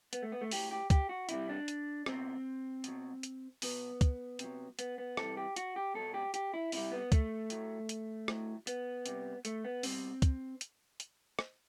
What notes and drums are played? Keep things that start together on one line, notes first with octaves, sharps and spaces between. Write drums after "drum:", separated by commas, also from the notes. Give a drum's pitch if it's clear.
B3, drum: hi-hat
A3
B3
A3
A2 F#3 G4, drum: open hi-hat
G4
G4, drum: kick, hi-hat
F#4
C3 G3 E4, drum: hi-hat
D4
drum: hi-hat
B2 F#3 C4, drum: rim click
B2 F#3, drum: hi-hat
drum: hi-hat
B2 F#3 B3, drum: open hi-hat
drum: kick, hi-hat
C3 F#3, drum: hi-hat
B3, drum: hi-hat
B3
C3 E3 G3 A4, drum: rim click
G4
F#4, drum: hi-hat
G4
B2 F#3 A4
G4
G4, drum: hi-hat
E4
C3 G3 E4, drum: open hi-hat
B3
A3, drum: kick, hi-hat
A2 F#3, drum: hi-hat
drum: hi-hat
A2 F#3, drum: rim click
B3, drum: hi-hat
C3 G3, drum: hi-hat
A3, drum: hi-hat
B3
B2 G3 C4, drum: open hi-hat
drum: kick, hi-hat
drum: hi-hat
drum: hi-hat
drum: rim click